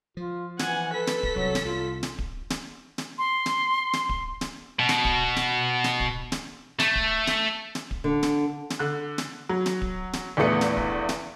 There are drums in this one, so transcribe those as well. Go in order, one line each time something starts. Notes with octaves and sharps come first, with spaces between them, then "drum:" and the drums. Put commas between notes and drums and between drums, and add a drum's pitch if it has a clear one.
F3 F4
E3 F#5 G#5, drum: snare
A4 B4 B6
drum: snare
drum: kick D1
C2 F#3
drum: snare
C2 F4
drum: snare
drum: kick D1
drum: snare
drum: snare
C6
drum: snare
drum: snare
drum: kick D1
drum: snare
B2
drum: snare
drum: kick D1
drum: snare
drum: snare
drum: kick D1
drum: snare
A3, drum: snare
drum: kick D1
drum: snare
drum: snare
drum: kick D1
D3
drum: snare
drum: snare
D3 F#6
drum: snare
F#3
drum: snare
drum: kick D1
drum: snare
A#1 E2 A3 B3 C#7
drum: snare
drum: kick D1
drum: snare